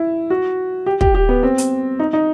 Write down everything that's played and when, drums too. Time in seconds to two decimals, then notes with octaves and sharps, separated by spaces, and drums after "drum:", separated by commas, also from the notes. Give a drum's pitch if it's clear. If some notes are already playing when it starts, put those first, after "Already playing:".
Already playing: E4
0.30 F#4
0.86 G4
1.01 G4, drum: kick
1.15 G4
1.29 B3
1.43 C4
1.58 drum: hi-hat
1.99 D#4
2.13 D#4